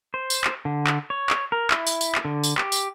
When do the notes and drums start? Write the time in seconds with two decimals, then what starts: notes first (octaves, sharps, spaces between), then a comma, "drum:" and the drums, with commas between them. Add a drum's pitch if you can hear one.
0.14 C5
0.30 drum: tambourine
0.44 drum: clap
0.65 D3
0.87 drum: clap
1.10 C#5
1.30 drum: clap
1.52 A#4
1.71 E4, drum: clap
1.87 drum: tambourine
2.01 drum: tambourine
2.15 drum: clap
2.25 D3
2.43 drum: tambourine
2.58 G4, drum: clap
2.72 drum: tambourine